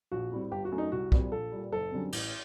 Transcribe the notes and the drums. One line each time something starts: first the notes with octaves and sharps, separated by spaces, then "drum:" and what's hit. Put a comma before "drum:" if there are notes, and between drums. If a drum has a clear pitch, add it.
A#1 F#4
A2 G3 C4
G1 G4
F#4
F#2 F#3 A3
D#4
C2 F#4
A#2 G3 C4, drum: kick
A#1 A4
A#2 G3
F#1 A4
F#2 D3 G3 C4
A1, drum: cymbal